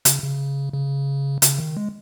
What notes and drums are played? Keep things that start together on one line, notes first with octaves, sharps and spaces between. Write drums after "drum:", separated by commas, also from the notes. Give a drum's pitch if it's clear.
C#3, drum: hi-hat
C#3
C#3
C#3, drum: hi-hat
D#3
G#3